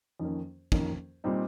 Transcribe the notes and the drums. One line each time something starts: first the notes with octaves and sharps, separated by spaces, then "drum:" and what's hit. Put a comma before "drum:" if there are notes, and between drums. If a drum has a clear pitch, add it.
F2 D#3 A#3 C#4
F2 D#3 A#3 C#4, drum: kick
A#2 G3 C4 D#4